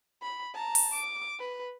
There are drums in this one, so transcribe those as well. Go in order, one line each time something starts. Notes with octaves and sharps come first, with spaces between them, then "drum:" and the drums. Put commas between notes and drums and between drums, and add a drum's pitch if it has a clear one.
B5
A5 A#5
drum: open hi-hat
D6
B4